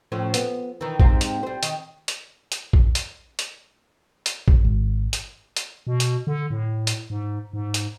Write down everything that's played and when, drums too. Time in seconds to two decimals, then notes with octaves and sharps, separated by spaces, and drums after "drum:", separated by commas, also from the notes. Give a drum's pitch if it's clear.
0.12 A2 F3 C#4
0.34 B3, drum: hi-hat
0.81 D#3 E3
1.00 G#2 C3 C4, drum: kick A#1
1.21 drum: hi-hat
1.43 G3 C5
1.63 D#3, drum: hi-hat
2.08 drum: hi-hat
2.52 drum: hi-hat
2.73 drum: kick A#1
2.95 drum: hi-hat
3.39 drum: hi-hat
4.26 drum: hi-hat
4.48 drum: kick A#1
4.65 G#1
5.13 drum: hi-hat
5.56 drum: hi-hat
5.87 B2
6.00 drum: hi-hat
6.27 D3
6.50 A2
6.87 drum: hi-hat
7.10 G#2
7.53 G#2
7.74 drum: hi-hat